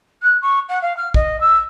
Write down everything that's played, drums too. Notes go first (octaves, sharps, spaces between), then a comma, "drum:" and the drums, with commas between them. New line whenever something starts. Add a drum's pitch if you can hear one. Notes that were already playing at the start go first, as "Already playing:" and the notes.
F#6
C#6
F#5
F5
F6
D#5, drum: kick A#1
E6